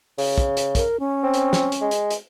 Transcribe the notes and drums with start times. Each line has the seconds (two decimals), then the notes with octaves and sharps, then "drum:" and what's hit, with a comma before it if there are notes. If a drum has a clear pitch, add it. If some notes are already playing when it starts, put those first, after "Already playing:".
0.18 C#3, drum: open hi-hat
0.38 drum: kick, hi-hat
0.57 drum: hi-hat
0.75 A#4, drum: kick, hi-hat
1.00 C#4
1.23 C4
1.34 drum: hi-hat
1.53 drum: snare
1.72 drum: hi-hat
1.81 G#3
1.91 drum: hi-hat
2.10 drum: hi-hat